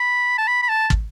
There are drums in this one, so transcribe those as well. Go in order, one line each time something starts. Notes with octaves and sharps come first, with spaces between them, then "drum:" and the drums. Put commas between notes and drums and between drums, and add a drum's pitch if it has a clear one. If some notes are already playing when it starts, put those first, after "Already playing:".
Already playing: B5
A5
B5
B5
A5
drum: kick